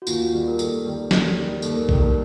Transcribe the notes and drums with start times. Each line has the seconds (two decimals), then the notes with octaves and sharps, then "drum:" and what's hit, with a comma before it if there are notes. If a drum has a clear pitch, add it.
0.02 F#4
0.07 D#2 F4, drum: tambourine
0.33 D#3 G3
0.48 A#4
0.59 D#2 A4, drum: tambourine
0.85 D#3 G3
1.11 D#2, drum: snare
1.37 D#3 G3
1.62 D#2 A4, drum: tambourine
1.72 A#4
1.83 A4
1.89 D#3 G3 A#4, drum: kick
2.02 A4